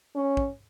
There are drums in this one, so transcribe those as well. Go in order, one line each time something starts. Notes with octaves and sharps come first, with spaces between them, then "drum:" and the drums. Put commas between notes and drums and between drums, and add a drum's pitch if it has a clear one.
C#4
drum: kick